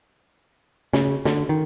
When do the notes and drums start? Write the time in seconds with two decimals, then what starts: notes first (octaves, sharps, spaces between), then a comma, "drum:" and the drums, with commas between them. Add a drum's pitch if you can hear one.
0.93 C#3, drum: snare
1.25 D3, drum: snare
1.49 D#3